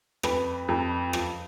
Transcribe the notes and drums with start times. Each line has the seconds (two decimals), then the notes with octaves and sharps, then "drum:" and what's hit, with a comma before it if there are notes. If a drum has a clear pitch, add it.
0.23 F2 B4, drum: rim click
0.68 F2
1.13 F3, drum: rim click